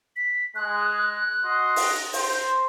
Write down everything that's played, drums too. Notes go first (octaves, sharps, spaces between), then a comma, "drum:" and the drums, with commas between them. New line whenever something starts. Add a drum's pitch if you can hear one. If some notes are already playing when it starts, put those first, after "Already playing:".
B6
G#3 F#6
F#4 D#5 C6
drum: open hi-hat
C5, drum: open hi-hat